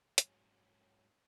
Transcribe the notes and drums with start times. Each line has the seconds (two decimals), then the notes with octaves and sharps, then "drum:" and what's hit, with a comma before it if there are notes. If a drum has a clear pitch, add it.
0.18 G#2 F#3 G#3 C#4, drum: hi-hat